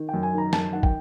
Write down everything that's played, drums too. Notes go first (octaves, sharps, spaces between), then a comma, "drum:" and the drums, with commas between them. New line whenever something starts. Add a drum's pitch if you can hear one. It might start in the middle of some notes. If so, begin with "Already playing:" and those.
Already playing: D#3
F#2 G5
G#5
D#3 A#5
F#2 A5, drum: snare F3
D#3 F#5
G5, drum: kick